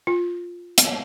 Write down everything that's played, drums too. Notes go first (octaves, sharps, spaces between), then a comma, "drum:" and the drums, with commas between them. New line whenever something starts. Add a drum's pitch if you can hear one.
F4
drum: hi-hat